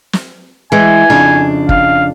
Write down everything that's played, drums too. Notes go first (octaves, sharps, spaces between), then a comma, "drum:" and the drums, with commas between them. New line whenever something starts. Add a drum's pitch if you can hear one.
drum: snare
E3 G#3 G#5
F2 C#3 D4
F5, drum: kick